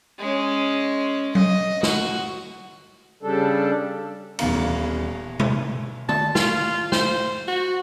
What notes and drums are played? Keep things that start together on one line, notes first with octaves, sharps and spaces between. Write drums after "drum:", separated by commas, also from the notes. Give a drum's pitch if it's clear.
G#3 C#4
D#5, drum: tom F#3
F#4, drum: snare
C#3 G3 D4 A4
D#1 E3 B3 F5 A#5, drum: cymbal
drum: tom B2
A5, drum: tom D3
F4, drum: snare
C5, drum: snare
F#4